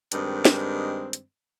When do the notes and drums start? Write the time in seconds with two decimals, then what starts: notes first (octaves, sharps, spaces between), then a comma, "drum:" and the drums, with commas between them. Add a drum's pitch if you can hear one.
0.12 G2 D#3 G#3 C4, drum: hi-hat
0.45 drum: snare
1.13 drum: hi-hat